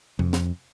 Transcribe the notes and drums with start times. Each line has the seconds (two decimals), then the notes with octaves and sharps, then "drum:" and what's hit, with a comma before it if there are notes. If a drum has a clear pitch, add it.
0.19 F2, drum: tom C3
0.33 drum: snare